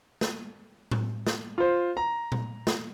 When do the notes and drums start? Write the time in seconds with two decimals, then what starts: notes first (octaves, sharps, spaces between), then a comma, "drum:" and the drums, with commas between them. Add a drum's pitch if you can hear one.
0.21 drum: snare
0.91 drum: tom A2
1.27 drum: snare
1.58 F4 C5
1.97 A#5
2.32 drum: tom A#2
2.67 drum: snare